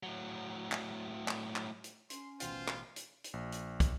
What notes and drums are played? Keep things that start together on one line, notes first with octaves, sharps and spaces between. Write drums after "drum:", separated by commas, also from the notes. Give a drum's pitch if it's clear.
A2 F#3
drum: clap
drum: clap
drum: clap
drum: hi-hat
C#4 C6, drum: hi-hat
A1 B2 F4 C5 G5, drum: hi-hat
drum: clap
drum: hi-hat
drum: hi-hat
A#1
drum: hi-hat
drum: kick, hi-hat